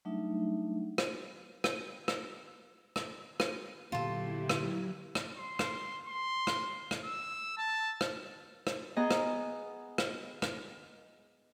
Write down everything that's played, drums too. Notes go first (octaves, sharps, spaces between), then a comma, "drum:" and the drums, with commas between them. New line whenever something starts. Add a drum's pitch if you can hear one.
F#3 G3 A3 D4 D#4 E5
drum: rim click
drum: rim click
drum: rim click
drum: rim click
drum: rim click
A#2 D3 F#3 B3 E4 F4 G4 A4
drum: rim click
drum: rim click
C6
drum: rim click
C6
drum: rim click
drum: rim click
E6
A5
drum: rim click
drum: rim click
B3 G#4 D#5 G#5 A#5
drum: rim click
drum: rim click
drum: rim click